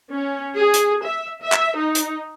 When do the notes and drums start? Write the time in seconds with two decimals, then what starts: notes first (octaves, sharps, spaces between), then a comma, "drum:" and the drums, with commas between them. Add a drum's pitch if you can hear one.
0.10 C#4
0.57 G#4
0.74 drum: hi-hat
1.04 E5
1.41 E5
1.52 drum: clap
1.77 D#4
1.95 drum: hi-hat